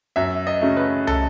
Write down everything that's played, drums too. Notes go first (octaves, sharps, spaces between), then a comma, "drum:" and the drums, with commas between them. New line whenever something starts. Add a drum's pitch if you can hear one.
F#2 E5
D#5
C#3 F#3 A3
B4
A4, drum: tom